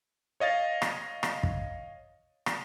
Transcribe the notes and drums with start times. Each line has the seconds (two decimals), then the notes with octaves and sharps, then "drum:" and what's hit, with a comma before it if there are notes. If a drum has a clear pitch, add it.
0.40 C#5 D#5 F5 A6
0.82 drum: rim click
1.23 drum: rim click
1.43 drum: kick
2.46 drum: rim click